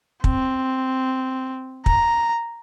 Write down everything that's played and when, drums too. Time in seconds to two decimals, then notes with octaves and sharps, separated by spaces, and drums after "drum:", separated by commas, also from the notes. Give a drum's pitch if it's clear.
0.24 C4, drum: kick
1.86 A#5, drum: kick